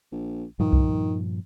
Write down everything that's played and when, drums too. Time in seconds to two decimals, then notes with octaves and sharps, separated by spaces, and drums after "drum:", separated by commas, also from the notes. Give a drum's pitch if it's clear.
0.11 A#1
0.59 G2 A#2 D#3 F3
0.73 drum: kick C2